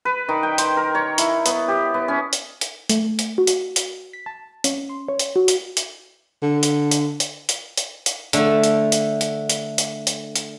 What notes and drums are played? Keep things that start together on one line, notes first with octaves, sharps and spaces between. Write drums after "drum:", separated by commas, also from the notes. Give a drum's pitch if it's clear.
B4
D#3
G5
C5, drum: hi-hat
A#4
C#5
E4, drum: hi-hat
B3, drum: hi-hat
G4
B3
C#4
drum: hi-hat
drum: hi-hat
A3, drum: hi-hat
drum: hi-hat
F#4
drum: hi-hat
drum: hi-hat
B6
A5
C#4, drum: hi-hat
C6
C#5
drum: hi-hat
F#4
drum: hi-hat
drum: hi-hat
D3
drum: hi-hat
drum: hi-hat
drum: hi-hat
drum: hi-hat
drum: hi-hat
drum: hi-hat
D3 A3, drum: hi-hat
drum: hi-hat
drum: hi-hat
drum: hi-hat
drum: hi-hat
drum: hi-hat
drum: hi-hat
drum: hi-hat